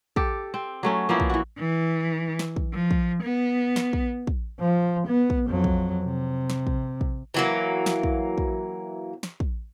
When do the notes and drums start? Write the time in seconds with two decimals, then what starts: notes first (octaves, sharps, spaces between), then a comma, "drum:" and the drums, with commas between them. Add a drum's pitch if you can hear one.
0.16 G4 A4, drum: kick
0.54 C4
0.83 F#3 A3 C#4
1.09 F3 A#3 B3 E4
1.20 drum: kick
1.30 E3 F#4
1.58 E3
2.39 drum: snare
2.56 drum: kick
2.74 F3
2.91 drum: kick
3.23 B3
3.76 drum: snare
3.93 drum: kick
4.27 drum: kick
4.60 F3
5.07 B3
5.30 drum: kick
5.47 F2 F#3
5.64 drum: kick
6.05 C3
6.50 drum: snare
6.67 drum: kick
7.01 drum: kick
7.34 E3 F#3 A#3
7.86 drum: snare
8.03 drum: kick
8.38 drum: kick
9.23 drum: snare
9.40 drum: kick